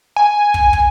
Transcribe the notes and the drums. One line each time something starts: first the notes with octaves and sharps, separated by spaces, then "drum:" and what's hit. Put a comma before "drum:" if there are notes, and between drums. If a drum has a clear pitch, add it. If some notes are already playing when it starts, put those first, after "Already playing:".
G#5
drum: kick
drum: kick